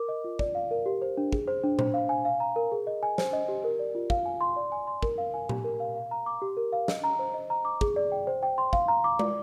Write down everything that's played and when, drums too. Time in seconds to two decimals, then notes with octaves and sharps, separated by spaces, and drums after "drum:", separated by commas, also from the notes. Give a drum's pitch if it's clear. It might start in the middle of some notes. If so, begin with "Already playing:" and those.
Already playing: A#4 D6
0.09 D#5
0.24 F4
0.39 D5, drum: kick
0.55 F5
0.71 A#4
0.86 G4
1.02 C5
1.17 D4
1.32 G#4, drum: kick
1.48 C5
1.64 D4
1.79 C5, drum: tom A#2
1.94 F5
2.09 G#5
2.25 F5
2.40 A#5
2.56 A#4
2.72 G#4
2.87 D#5
3.03 G#5
3.18 C5, drum: snare
3.33 D#5
3.48 G4
3.64 A#4
3.79 D5
3.95 F4
4.10 F5, drum: kick
4.25 G#5
4.41 C6
4.56 D5
4.72 G#5
4.87 C6
5.03 A#4, drum: kick
5.18 F5
5.34 G#5
5.49 G4, drum: tom A#2
5.64 A#4
5.80 F5
5.96 F5
6.11 A#5
6.26 D6
6.42 G4
6.57 A#4
6.72 F5
6.88 D#5, drum: snare
7.04 A#5
7.19 C5
7.34 D#5
7.50 A#5
7.65 D6
7.81 G#4, drum: kick
7.96 D5
8.12 G5
8.27 C5
8.43 G5
8.58 C6
8.73 F5, drum: kick
8.88 A#5
9.04 D6
9.19 D5, drum: tom G#3